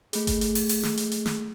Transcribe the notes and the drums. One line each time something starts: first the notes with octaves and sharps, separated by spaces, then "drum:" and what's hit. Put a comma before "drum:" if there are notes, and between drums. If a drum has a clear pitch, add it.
A3 G#4, drum: hi-hat
drum: kick G1, hi-hat
drum: hi-hat
drum: open hi-hat
drum: open hi-hat
drum: snare
drum: hi-hat
drum: hi-hat
drum: snare